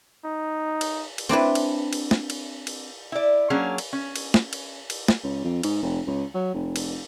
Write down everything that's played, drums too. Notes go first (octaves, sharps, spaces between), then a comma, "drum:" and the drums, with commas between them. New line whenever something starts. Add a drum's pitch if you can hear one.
D#4
drum: cymbal
drum: cymbal
C4 D4 E4 B4
drum: cymbal
drum: cymbal
drum: snare
drum: cymbal
drum: cymbal
E4 D5
F#3 A#3 C#4 D4 G#4
drum: cymbal
C#4
drum: cymbal
drum: snare
drum: cymbal
drum: cymbal
drum: snare
C#2
F2
G#2, drum: cymbal
F1
C#2
F#3
F1
drum: cymbal